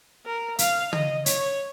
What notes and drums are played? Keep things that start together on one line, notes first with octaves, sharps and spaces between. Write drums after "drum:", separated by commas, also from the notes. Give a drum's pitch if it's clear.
A#4
F5, drum: hi-hat
D#5, drum: tom
C#5, drum: hi-hat